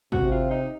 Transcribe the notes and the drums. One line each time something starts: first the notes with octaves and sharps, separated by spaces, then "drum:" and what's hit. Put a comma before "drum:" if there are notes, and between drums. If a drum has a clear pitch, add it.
C3 F#4, drum: kick
F4
D#4